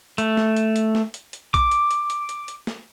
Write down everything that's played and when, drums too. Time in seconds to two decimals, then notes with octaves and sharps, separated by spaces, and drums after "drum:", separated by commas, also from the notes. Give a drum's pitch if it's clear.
0.18 A3, drum: hi-hat
0.37 drum: snare
0.57 drum: hi-hat
0.76 drum: hi-hat
0.95 drum: snare
1.14 drum: hi-hat
1.33 drum: hi-hat
1.54 D6, drum: kick B1, hi-hat
1.71 drum: hi-hat
1.91 drum: hi-hat
2.10 drum: hi-hat
2.29 drum: hi-hat
2.48 drum: hi-hat
2.67 drum: snare